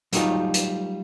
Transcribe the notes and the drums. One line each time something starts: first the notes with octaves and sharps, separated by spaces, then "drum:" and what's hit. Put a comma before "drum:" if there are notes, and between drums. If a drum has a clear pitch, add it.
F#3 G3 A3 D#4 F4, drum: hi-hat
drum: hi-hat